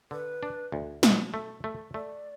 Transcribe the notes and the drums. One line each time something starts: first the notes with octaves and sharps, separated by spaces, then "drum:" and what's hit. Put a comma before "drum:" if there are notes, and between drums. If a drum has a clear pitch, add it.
D3 B4
D4
D2
B2, drum: snare
A3
A3
A3 D5